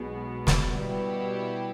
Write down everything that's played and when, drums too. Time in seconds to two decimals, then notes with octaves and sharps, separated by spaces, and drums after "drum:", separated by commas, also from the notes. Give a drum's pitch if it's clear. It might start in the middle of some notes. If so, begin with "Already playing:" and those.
Already playing: B1 B2 G#3 B3
0.47 drum: snare
0.75 B2 G3 B3 E4 G4